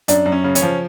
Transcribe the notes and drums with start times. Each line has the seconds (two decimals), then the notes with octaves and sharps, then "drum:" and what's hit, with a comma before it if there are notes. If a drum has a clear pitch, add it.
0.08 F#2 D4, drum: hi-hat
0.26 F#2
0.32 C#4
0.44 C#3
0.55 C#4, drum: hi-hat
0.62 F3